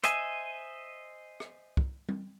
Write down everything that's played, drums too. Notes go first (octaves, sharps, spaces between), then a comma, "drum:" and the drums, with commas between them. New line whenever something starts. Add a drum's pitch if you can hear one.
C5 D#5 E5 G#5, drum: hi-hat
drum: rim click
drum: kick
drum: tom G3